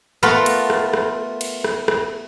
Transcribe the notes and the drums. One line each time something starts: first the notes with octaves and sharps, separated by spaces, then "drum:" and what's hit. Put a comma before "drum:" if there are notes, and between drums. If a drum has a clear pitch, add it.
A3 B3 F4 A#4 B4
drum: cymbal
drum: rim click
drum: rim click
drum: cymbal
drum: rim click
drum: rim click